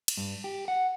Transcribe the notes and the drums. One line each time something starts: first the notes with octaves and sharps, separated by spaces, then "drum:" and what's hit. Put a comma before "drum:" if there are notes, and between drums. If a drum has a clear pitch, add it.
drum: cymbal
G2
G4
F#5